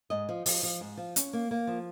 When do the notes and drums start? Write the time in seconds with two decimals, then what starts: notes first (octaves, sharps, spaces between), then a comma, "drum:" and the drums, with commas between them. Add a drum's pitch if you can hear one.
0.10 G#2 D#5
0.29 F3
0.46 F3, drum: open hi-hat
0.63 F3
0.81 G#2
0.97 F3
1.16 C#4, drum: hi-hat
1.33 A#3
1.51 A#3
1.67 F3